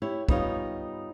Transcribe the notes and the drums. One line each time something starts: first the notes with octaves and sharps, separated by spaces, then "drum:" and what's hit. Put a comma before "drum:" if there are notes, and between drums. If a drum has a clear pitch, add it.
E4 G4 C#5
G3 B3 D#4 F4 C#5 F5, drum: kick